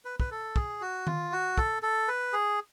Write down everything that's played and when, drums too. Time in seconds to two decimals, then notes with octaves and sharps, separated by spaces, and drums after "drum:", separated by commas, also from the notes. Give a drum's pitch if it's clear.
0.05 B4
0.20 B4, drum: kick
0.31 A4
0.56 G#4, drum: kick
0.81 F#4
1.07 F4, drum: tom D#3
1.32 F#4
1.58 A4, drum: kick
1.83 A4
2.08 B4
2.33 G#4